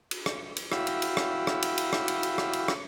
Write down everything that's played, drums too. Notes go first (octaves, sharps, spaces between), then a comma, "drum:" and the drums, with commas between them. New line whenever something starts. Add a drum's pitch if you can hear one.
drum: cymbal
drum: rim click
drum: cymbal
E4 F#4 F5 G5 B5 E6, drum: rim click
drum: cymbal
drum: cymbal
drum: rim click
drum: rim click
drum: cymbal
drum: cymbal
drum: rim click
drum: cymbal
drum: cymbal
drum: rim click
drum: cymbal
drum: rim click